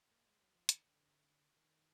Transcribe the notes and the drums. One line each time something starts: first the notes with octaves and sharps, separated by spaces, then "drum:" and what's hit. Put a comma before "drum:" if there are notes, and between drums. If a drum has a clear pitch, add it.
A#3
G#3
F#3
F3
D#3, drum: hi-hat
D3
D#3